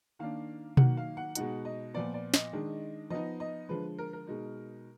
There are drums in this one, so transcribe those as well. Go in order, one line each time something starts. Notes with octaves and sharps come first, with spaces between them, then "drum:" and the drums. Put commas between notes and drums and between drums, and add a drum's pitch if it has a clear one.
D#3 A#3 D4 F5
D#3 F#3 A#3 F#5, drum: tom B2
F5
F#5
B2 G#3 D#4 F#5, drum: hi-hat
D#5
A#2 F3 B3 D5
D5
D#5, drum: snare
D#3 G#3 D4
F3 B3 D#4 D#5
D#5
D3 F3 G#3 B4
A#4
A#4
B2 G#3 D#4